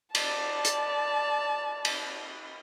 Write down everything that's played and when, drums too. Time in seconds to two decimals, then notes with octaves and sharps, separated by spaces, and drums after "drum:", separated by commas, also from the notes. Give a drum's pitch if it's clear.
0.15 D5 A5, drum: cymbal
0.65 drum: hi-hat
1.85 drum: cymbal